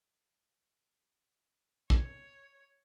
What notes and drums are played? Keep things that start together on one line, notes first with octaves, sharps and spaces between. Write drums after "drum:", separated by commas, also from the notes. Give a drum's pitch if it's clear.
C#5, drum: kick